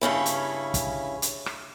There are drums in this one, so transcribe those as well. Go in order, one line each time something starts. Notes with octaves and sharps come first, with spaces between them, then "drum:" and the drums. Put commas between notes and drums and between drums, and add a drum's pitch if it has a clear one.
G2 C#3 C#4 E4
drum: hi-hat
drum: kick, hi-hat
drum: hi-hat
drum: rim click